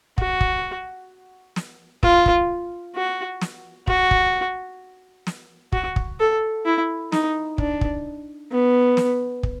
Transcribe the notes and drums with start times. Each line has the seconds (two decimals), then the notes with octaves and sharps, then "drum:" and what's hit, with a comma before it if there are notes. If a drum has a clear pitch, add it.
0.18 F#4, drum: kick
0.41 drum: kick
1.56 drum: snare
2.03 F4, drum: kick
2.26 drum: kick
2.95 F#4
3.41 drum: snare
3.87 F#4, drum: kick
4.11 drum: kick
5.27 drum: snare
5.72 F#4, drum: kick
5.96 drum: kick
6.20 A4
6.65 E4
7.12 D#4, drum: snare
7.58 D4, drum: kick
7.81 drum: kick
8.51 B3
8.97 drum: snare
9.43 drum: kick